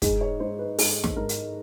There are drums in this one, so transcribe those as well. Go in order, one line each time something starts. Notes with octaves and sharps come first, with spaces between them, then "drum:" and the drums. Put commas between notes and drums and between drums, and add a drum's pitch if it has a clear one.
G#2 G#4, drum: kick, hi-hat
C#5
G#2 C5
B4
G#2 A4, drum: open hi-hat
drum: snare
G#2 A#4
drum: hi-hat